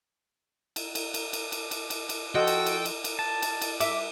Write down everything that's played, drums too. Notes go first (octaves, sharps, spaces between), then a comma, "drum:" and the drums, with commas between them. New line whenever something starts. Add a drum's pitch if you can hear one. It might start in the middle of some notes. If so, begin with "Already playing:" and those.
drum: cymbal
drum: cymbal
drum: cymbal
drum: cymbal
drum: cymbal
drum: cymbal
drum: cymbal
drum: cymbal
F3 F#4 A4 D#5 G5
drum: cymbal
drum: cymbal
drum: cymbal
drum: cymbal
A5
drum: cymbal
drum: cymbal
E5 D6, drum: cymbal